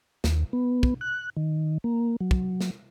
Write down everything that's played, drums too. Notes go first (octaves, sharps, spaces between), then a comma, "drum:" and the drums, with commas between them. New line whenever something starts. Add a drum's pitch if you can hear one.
D#2, drum: snare
B3
drum: kick
F#6
D#3
A#3
F#3
drum: kick
drum: snare